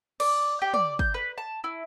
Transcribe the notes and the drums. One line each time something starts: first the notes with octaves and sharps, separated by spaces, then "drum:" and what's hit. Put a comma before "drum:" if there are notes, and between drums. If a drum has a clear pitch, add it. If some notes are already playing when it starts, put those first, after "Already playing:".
D5, drum: cymbal
G4
D5, drum: tom
G6, drum: kick
B4
A5
E4